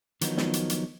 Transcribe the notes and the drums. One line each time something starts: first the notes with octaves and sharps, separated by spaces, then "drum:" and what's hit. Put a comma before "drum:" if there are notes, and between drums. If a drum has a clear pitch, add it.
D#3 F3 F#3 B3 D#4, drum: hi-hat
drum: snare
drum: hi-hat
drum: hi-hat